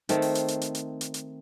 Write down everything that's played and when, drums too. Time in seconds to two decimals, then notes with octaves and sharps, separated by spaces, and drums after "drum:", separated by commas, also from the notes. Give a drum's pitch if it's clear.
0.09 D#3 A3 C4, drum: hi-hat
0.22 drum: open hi-hat
0.35 drum: hi-hat
0.48 drum: hi-hat
0.61 drum: hi-hat
0.75 drum: hi-hat
1.01 drum: hi-hat
1.14 drum: hi-hat